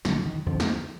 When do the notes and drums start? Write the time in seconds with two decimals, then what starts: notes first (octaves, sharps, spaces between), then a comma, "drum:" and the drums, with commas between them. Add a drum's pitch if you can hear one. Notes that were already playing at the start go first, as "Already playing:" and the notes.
0.05 F2 D3 F#3, drum: snare
0.26 D#3
0.46 F2 D3 F3
0.60 drum: snare